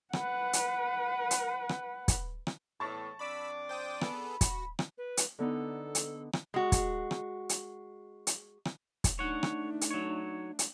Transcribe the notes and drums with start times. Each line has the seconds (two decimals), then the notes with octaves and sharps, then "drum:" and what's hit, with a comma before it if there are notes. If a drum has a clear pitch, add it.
0.13 B4 F#5, drum: rim click
0.53 drum: hi-hat
1.31 drum: hi-hat
1.69 drum: rim click
2.08 drum: kick, hi-hat
2.47 drum: rim click
2.80 E2 A2 A5 C#6 A6
3.19 F2 D4 D5 B5 E6
3.69 C5 G5 D#6
4.01 B3 G#4 A4 B5, drum: rim click
4.41 F#4, drum: kick, hi-hat
4.79 drum: rim click
4.98 B4
5.17 drum: hi-hat
5.39 D3 B3 D#4 A4
5.95 drum: hi-hat
6.33 drum: rim click
6.54 G#3 F#4
6.72 drum: kick, hi-hat
7.11 drum: rim click
7.49 drum: hi-hat
8.27 drum: hi-hat
8.65 drum: rim click
9.04 drum: kick, hi-hat
9.19 A3 D4 D#4 C#5 F#5
9.43 drum: rim click
9.81 drum: hi-hat
9.91 F#3 C#5
10.59 drum: hi-hat